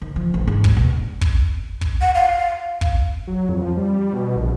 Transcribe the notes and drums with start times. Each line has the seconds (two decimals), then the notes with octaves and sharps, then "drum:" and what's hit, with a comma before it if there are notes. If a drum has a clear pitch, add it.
0.02 D#3
0.16 F3
0.34 A1
0.47 G#2
0.64 G3, drum: kick
0.77 B2
1.21 drum: kick
1.81 drum: kick
2.02 F#5
2.15 F5
2.81 drum: kick
3.27 F#3
3.49 F2
3.62 F3
3.77 G3
4.13 B2
4.36 A#1